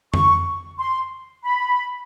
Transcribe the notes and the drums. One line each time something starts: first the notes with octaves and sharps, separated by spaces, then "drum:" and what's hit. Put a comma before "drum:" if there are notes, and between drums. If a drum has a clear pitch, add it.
C#6, drum: tom F2
C6
B5